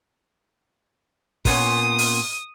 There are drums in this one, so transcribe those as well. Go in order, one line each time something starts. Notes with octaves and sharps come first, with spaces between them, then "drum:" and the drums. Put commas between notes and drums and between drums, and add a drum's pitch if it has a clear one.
A#2 B3 C#4 D#6, drum: kick, open hi-hat
drum: open hi-hat